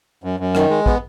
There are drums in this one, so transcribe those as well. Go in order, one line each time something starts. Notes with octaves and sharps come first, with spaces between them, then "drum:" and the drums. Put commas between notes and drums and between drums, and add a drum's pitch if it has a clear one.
F#2
F#2
D#3, drum: rim click
G#3
B3, drum: kick